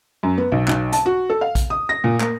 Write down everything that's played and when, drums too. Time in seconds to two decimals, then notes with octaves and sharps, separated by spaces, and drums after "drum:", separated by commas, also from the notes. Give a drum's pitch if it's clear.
0.23 F#2
0.38 B3
0.52 B1
0.68 B1, drum: clap
0.92 A5, drum: hi-hat
1.06 F#4
1.30 A4
1.41 F5
1.55 drum: kick A#1, hi-hat
1.70 D#6
1.89 A#6
2.04 A#2
2.20 A#3, drum: clap